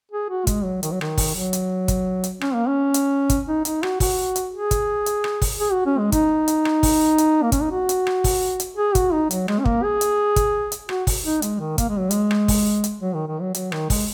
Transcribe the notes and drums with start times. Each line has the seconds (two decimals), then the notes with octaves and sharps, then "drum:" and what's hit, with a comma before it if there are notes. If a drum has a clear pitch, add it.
0.12 G#4
0.30 F#4
0.47 G#3, drum: kick, hi-hat
0.65 F#3
0.83 D#3, drum: hi-hat
0.92 F#3
1.01 D#3, drum: rim click
1.18 drum: kick, open hi-hat
1.35 F#3
1.53 drum: hi-hat
1.88 drum: kick, hi-hat
2.24 drum: hi-hat
2.41 C#4, drum: rim click
2.54 A#3
2.68 C#4
2.94 drum: hi-hat
3.30 drum: kick, hi-hat
3.48 D#4
3.65 D#4, drum: hi-hat
3.83 F#4, drum: rim click
4.00 F#4, drum: kick, open hi-hat
4.36 drum: hi-hat
4.53 G#4
4.71 drum: kick, hi-hat
5.06 drum: hi-hat
5.24 drum: rim click
5.42 drum: kick, open hi-hat
5.59 G#4
5.72 F#4
5.86 C#4
5.99 G#3
6.12 D#4, drum: kick, hi-hat
6.48 drum: hi-hat
6.65 drum: rim click
6.83 drum: kick, open hi-hat
7.18 drum: hi-hat
7.43 A#3
7.52 C#4, drum: kick, hi-hat
7.62 D#4
7.71 F#4
7.89 drum: hi-hat
8.07 drum: rim click
8.24 drum: kick, open hi-hat
8.60 drum: hi-hat
8.77 G#4
8.95 F#4, drum: kick, hi-hat
9.13 D#4
9.31 F#3, drum: hi-hat
9.48 G#3, drum: rim click
9.60 C#4
9.66 A#3, drum: kick
9.83 G#4
10.01 drum: hi-hat
10.36 drum: kick, hi-hat
10.72 drum: hi-hat
10.89 F#4, drum: rim click
11.07 drum: kick, open hi-hat
11.25 D#4
11.42 G#3, drum: hi-hat
11.60 D#3
11.78 A#3, drum: kick, hi-hat
11.89 G#3
11.99 F#3
12.11 G#3, drum: hi-hat
12.31 drum: rim click
12.48 drum: kick, open hi-hat
12.84 drum: hi-hat
13.01 F#3
13.15 D#3
13.28 D#3
13.41 F#3
13.54 F#3, drum: hi-hat
13.72 D#3, drum: rim click
13.90 G#3, drum: kick, open hi-hat